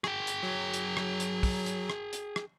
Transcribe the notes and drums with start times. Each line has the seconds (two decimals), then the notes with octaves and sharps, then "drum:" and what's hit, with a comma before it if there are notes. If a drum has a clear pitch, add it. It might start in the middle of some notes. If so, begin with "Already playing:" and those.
0.04 G#4 G5, drum: rim click
0.27 drum: hi-hat
0.43 F#3
0.74 drum: hi-hat
0.97 drum: rim click
1.20 drum: hi-hat
1.43 drum: kick, open hi-hat
1.66 drum: hi-hat
1.90 drum: rim click
2.13 drum: hi-hat
2.36 drum: rim click